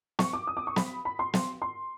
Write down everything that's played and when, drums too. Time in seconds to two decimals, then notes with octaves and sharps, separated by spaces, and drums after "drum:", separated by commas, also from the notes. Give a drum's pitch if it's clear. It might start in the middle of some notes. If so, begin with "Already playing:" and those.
0.19 C#6, drum: snare
0.33 D6
0.47 D#6
0.57 D6
0.67 C#6
0.76 B5, drum: snare
1.05 B5
1.19 C6
1.34 drum: snare
1.62 C6